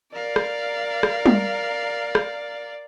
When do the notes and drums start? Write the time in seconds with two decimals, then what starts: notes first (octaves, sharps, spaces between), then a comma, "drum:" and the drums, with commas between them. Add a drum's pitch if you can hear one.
0.14 A#4 D5 F5
0.36 drum: rim click
1.03 drum: rim click
1.26 drum: tom G3
2.15 drum: rim click